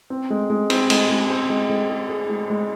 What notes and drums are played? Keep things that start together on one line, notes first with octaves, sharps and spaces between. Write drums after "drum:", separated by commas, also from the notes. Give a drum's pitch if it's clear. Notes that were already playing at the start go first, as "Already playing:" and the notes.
C4
G#3
G#3
C4, drum: cymbal
G#3, drum: cymbal
G#3
C4
G#3
G#3
G#4
G#4
G#3
G#3